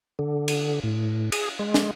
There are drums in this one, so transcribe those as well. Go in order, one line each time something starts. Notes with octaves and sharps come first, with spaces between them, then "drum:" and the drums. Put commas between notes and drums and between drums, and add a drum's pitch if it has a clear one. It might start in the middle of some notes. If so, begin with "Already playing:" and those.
D3
drum: cymbal
A2
G#4, drum: cymbal
G#3
drum: snare